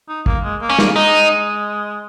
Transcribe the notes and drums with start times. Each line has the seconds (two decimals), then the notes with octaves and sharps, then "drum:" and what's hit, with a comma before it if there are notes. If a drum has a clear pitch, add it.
0.09 D#4
0.26 A#3, drum: kick
0.43 G#3
0.61 A#3
0.70 C#4
0.79 A#3, drum: snare
0.96 G#3 D#4